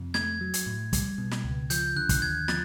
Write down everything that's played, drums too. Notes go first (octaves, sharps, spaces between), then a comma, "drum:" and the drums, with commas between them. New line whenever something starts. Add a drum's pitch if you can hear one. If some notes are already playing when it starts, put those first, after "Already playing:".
Already playing: F2 C3
A3 G#6, drum: snare
F#3
drum: hi-hat
A2
G3, drum: kick, hi-hat
B2
drum: snare
C#2
F3 G6, drum: hi-hat
D3 F#6
drum: kick, hi-hat
D#2 G#6
F3 A6, drum: snare